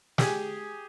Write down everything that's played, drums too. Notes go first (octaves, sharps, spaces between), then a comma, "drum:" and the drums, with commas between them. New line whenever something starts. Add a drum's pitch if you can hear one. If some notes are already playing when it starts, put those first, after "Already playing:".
G4 G#4 G#5, drum: snare